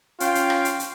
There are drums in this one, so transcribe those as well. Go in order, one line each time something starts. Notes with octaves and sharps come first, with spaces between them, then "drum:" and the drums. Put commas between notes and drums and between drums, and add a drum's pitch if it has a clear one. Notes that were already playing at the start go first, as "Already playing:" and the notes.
C#4 F4 F5 G5, drum: hi-hat
drum: hi-hat
drum: rim click
drum: hi-hat
drum: hi-hat